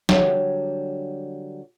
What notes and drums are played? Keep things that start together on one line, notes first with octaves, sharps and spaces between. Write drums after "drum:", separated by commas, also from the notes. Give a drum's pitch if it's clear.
D3 F#3 G3, drum: snare